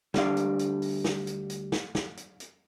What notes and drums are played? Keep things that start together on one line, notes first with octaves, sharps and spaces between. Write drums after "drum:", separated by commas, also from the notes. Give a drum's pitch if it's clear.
D2 G3 A#3 D4 F5, drum: snare
drum: hi-hat
drum: hi-hat
drum: open hi-hat
drum: snare
drum: hi-hat
drum: hi-hat
drum: snare
drum: snare
drum: hi-hat
drum: hi-hat